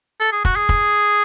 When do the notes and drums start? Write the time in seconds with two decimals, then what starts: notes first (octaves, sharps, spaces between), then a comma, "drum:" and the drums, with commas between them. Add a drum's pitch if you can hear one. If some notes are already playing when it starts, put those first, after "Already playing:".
0.20 A4
0.32 G#4
0.45 F#4, drum: kick
0.57 G#4
0.69 drum: kick